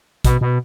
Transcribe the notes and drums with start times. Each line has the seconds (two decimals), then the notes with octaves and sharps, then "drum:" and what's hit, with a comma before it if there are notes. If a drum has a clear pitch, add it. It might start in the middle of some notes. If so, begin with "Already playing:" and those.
0.24 B2, drum: kick A#1, hi-hat
0.41 B2